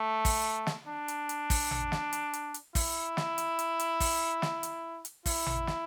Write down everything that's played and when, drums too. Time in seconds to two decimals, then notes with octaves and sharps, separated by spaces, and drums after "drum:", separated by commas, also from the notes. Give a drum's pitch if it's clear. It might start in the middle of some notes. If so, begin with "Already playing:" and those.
Already playing: A3
0.25 drum: kick, open hi-hat
0.67 drum: snare
0.87 D4
1.08 drum: hi-hat
1.29 drum: hi-hat
1.50 drum: kick, open hi-hat
1.71 drum: tom A1
1.92 drum: snare
2.13 drum: hi-hat
2.33 drum: hi-hat
2.54 drum: hi-hat
2.75 E4, drum: kick, open hi-hat
3.17 drum: snare
3.38 drum: hi-hat
3.59 drum: hi-hat
3.80 drum: hi-hat
4.00 drum: kick, open hi-hat
4.42 drum: snare
4.63 drum: hi-hat
5.05 drum: hi-hat
5.26 E4, drum: kick, open hi-hat
5.46 drum: tom A1
5.67 drum: snare